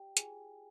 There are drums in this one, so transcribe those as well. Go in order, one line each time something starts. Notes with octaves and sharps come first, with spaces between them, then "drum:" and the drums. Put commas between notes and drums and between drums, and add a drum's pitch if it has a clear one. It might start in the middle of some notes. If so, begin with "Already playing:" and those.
Already playing: F4 G4 D5 G5
F4 G#4 G#5, drum: hi-hat